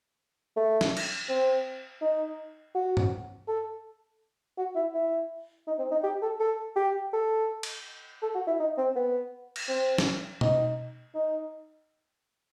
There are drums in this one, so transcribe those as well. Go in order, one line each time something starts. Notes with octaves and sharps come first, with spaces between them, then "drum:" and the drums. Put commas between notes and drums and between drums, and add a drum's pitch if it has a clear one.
A3
drum: snare
drum: cymbal
C4
D#4
F#4
drum: tom G2
A4
F#4
E4
E4
D#4
C4
D#4
G4
A4
A4
G4
A4
drum: cymbal
A4
F#4
E4
D#4
C4
B3
drum: cymbal
C4
drum: snare
D#4, drum: tom B2
D#4